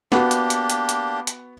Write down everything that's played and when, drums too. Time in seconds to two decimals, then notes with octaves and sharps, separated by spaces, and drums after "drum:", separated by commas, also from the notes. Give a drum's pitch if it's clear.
0.12 A#3 B3 D4 F#4 G4, drum: snare
0.31 drum: hi-hat
0.50 drum: hi-hat
0.70 drum: hi-hat
0.89 drum: hi-hat
1.27 drum: hi-hat